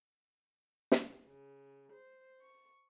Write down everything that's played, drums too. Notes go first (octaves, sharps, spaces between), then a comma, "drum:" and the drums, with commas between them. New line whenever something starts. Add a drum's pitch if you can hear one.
drum: snare
C#3
C5
C#6